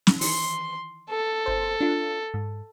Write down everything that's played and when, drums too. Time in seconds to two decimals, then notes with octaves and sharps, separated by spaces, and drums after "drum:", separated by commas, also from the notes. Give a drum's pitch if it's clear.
0.07 drum: snare
0.21 D#3 E3 C6, drum: open hi-hat
1.10 A4
1.46 G1 C5
1.81 D4 F4
2.34 G#2